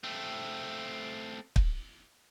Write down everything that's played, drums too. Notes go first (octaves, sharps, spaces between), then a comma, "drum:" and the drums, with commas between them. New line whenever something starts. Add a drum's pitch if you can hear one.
A3 C4
drum: kick